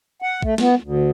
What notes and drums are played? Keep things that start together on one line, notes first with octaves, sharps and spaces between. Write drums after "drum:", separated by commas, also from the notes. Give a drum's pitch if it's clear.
F#5
A3, drum: kick
B3, drum: snare
D2